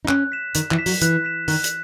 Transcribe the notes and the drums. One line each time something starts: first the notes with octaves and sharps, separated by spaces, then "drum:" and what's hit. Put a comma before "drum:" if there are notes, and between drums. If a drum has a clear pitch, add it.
D#4
C#4 F#6, drum: clap
B6 E7
D#3 F#6, drum: hi-hat
E3, drum: clap
B6 E7
F#3, drum: open hi-hat
E3 F#6, drum: hi-hat
B6 E7
D#3 F#6, drum: open hi-hat
drum: hi-hat